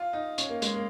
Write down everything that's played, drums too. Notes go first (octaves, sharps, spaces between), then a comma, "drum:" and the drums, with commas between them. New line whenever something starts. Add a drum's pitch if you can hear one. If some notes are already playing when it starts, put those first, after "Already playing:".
Already playing: F4
D#4
C#4, drum: hi-hat
A#3
G#3, drum: hi-hat
A#3